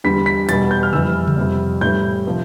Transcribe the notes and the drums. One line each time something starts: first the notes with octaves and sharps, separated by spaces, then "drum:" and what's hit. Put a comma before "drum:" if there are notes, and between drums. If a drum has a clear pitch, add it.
E2 D3 G3 B6
B6
E2 B2 G3 A6, drum: hi-hat
G6
F6
F2 E3 G3 E6, drum: tom C#3
drum: tom C#3
F2 C3 G3
A2 E3 G3 G6
C3 F3